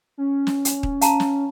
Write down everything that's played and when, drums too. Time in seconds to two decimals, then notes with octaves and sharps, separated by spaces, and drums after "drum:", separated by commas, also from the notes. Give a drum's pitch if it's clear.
0.18 C#4
0.47 drum: snare
0.65 drum: hi-hat
0.83 drum: kick D#1
1.01 F5 A5 A#5, drum: hi-hat
1.20 drum: snare